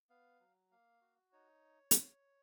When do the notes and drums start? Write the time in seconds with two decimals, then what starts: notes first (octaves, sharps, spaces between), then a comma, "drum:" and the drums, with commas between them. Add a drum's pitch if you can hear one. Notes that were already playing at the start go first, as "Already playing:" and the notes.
0.09 B3 F5
0.40 F#3
0.71 A#3 F5
1.01 F#4
1.32 D#4 C#5
1.91 drum: hi-hat